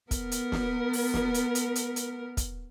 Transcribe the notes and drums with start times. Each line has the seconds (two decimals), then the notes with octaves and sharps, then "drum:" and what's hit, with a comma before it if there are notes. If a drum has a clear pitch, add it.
0.11 B3 A#4, drum: kick, hi-hat
0.32 drum: hi-hat
0.52 drum: snare
0.93 drum: open hi-hat
1.14 drum: snare
1.34 drum: hi-hat
1.55 drum: hi-hat
1.76 drum: hi-hat
1.96 drum: hi-hat
2.37 drum: kick, hi-hat